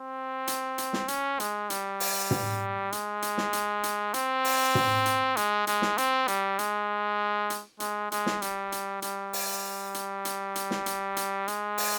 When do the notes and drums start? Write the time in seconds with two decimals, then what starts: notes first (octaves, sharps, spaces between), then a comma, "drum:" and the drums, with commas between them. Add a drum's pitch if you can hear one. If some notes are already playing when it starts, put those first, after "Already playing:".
Already playing: C4
0.47 drum: hi-hat
0.78 drum: hi-hat
0.93 drum: snare
1.08 C#4, drum: hi-hat
1.40 G#3, drum: hi-hat
1.70 G3, drum: hi-hat
2.00 drum: open hi-hat
2.31 drum: tom
2.92 G#3, drum: hi-hat
3.22 drum: hi-hat
3.38 drum: snare
3.53 drum: hi-hat
3.83 drum: hi-hat
4.14 C4, drum: hi-hat
4.45 drum: open hi-hat
4.75 drum: tom
5.06 drum: hi-hat
5.37 G#3, drum: hi-hat
5.67 G#3, drum: hi-hat
5.82 drum: snare
5.98 C4, drum: hi-hat
6.28 G3, drum: hi-hat
6.59 G#3, drum: hi-hat
7.50 drum: hi-hat
7.80 G#3, drum: hi-hat
8.12 G#3, drum: hi-hat
8.26 drum: snare
8.42 G3, drum: hi-hat
8.72 drum: hi-hat
9.02 G3, drum: hi-hat
9.33 drum: open hi-hat
9.94 drum: hi-hat
10.25 drum: hi-hat
10.55 drum: hi-hat
10.71 drum: snare
10.86 drum: hi-hat
11.17 drum: hi-hat
11.48 G#3, drum: hi-hat
11.78 drum: open hi-hat